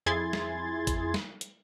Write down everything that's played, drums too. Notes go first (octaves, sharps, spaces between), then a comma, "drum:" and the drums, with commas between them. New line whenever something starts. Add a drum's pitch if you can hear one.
F2 E4 G#4 C6 G#6 A6
drum: snare
drum: kick G#1, hi-hat
drum: snare
drum: hi-hat